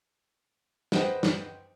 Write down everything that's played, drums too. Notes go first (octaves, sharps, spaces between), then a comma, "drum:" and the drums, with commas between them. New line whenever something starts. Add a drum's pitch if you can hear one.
B4 C5 D#5 F#5 G5, drum: snare
drum: snare